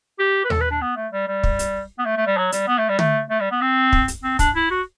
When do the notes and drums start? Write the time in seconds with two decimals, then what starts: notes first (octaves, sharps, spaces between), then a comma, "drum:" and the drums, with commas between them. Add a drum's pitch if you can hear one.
0.19 G4
0.44 B4
0.50 A4, drum: tom D#2
0.61 B4
0.71 D4
0.81 B3
0.96 A3
1.12 G3
1.27 G3
1.43 drum: kick
1.59 drum: hi-hat
1.99 B3
2.05 A3
2.17 A3
2.26 G3
2.37 F#3
2.52 G3, drum: hi-hat
2.67 B3
2.78 A3
2.89 G3
2.99 A3, drum: tom D3
3.30 A3
3.41 G3
3.51 B3
3.61 C4
3.92 drum: kick
4.08 drum: hi-hat
4.23 C4
4.39 D4, drum: kick, hi-hat
4.55 E4
4.71 F#4